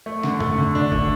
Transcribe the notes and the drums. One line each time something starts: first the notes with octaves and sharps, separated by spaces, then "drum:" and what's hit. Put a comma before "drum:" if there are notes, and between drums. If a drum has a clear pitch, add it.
A3
D3, drum: snare
A3, drum: tom
D3
D4
A3, drum: kick